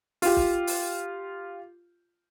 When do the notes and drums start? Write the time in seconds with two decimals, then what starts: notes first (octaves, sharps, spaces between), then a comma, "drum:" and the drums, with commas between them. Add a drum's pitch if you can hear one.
0.22 F4 G4, drum: open hi-hat
0.36 drum: kick
0.67 drum: open hi-hat